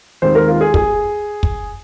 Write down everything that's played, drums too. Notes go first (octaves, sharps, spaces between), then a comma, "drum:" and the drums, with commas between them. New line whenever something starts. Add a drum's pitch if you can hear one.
D#2 D#3 G#3 C4 C5
A#4
F4
G#4
G#4, drum: kick
drum: kick